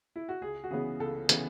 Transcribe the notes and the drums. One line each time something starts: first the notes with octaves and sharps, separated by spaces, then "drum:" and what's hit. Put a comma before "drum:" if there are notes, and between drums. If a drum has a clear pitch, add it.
E4
F#4
C#2 G#4
F#4
C#3 E3 B3 G#4
C#2 A4
C#3 E3 B3, drum: hi-hat